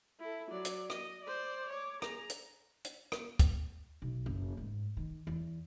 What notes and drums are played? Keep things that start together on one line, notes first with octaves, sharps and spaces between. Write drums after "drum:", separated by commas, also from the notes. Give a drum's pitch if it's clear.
E4 A4
F#3 D5
drum: hi-hat
D#5, drum: rim click
C5 D5
C#5 D6
G#4 A#5, drum: rim click
drum: hi-hat
drum: hi-hat
drum: rim click
drum: kick, hi-hat
B1
F#1
G#2
D#3
E2